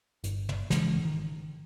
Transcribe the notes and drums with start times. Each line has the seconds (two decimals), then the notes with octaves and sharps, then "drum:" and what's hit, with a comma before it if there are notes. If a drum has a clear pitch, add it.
0.24 G1, drum: hi-hat
0.49 drum: tom
0.70 G#1 C#3 E3 G#3, drum: snare
1.05 D#3